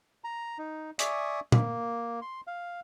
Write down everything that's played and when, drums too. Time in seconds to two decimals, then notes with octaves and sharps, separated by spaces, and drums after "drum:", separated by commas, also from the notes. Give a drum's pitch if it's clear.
0.24 A#5
0.58 D#4
0.99 D5 E5 G#5 C#6 D#6, drum: hi-hat
1.52 A#3, drum: tom
2.22 C6
2.47 F5